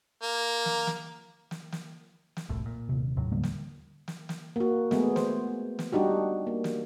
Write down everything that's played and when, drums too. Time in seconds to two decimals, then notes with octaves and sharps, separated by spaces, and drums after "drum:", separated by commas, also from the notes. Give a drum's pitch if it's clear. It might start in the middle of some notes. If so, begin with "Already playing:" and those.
0.23 A#3
0.65 drum: snare
0.87 drum: snare
1.51 drum: snare
1.72 drum: snare
2.37 drum: snare
2.49 E1 C2 A2
2.66 A#2
2.89 D#1 C3
3.17 D#2 A2 F#3
3.32 D3 G3 A#3
3.43 drum: snare
4.08 drum: snare
4.29 drum: snare
4.56 A#3 F#4
4.91 G#3 A3 B3 G#4, drum: snare
5.16 C5, drum: snare
5.79 drum: snare
5.92 G3 D4 D#4 F#4 G4
6.47 A#3
6.64 drum: snare